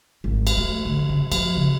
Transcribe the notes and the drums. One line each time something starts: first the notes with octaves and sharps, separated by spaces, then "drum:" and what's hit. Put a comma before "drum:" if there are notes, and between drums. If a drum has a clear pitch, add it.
G#1
drum: cymbal
A3
D3
C#3
F3, drum: cymbal
C#3